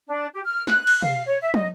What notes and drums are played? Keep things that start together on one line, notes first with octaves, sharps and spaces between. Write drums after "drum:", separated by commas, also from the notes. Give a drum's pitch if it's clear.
D4
G4
F6
F#6, drum: snare
drum: cymbal
F5, drum: tom
C#5
E5
D#5, drum: tom